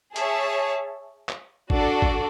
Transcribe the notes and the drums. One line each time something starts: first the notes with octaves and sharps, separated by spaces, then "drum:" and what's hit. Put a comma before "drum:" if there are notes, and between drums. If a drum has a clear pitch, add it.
G#4 C#5 E5 A5, drum: hi-hat
drum: clap
D4 F#4 A4 D5, drum: kick
drum: kick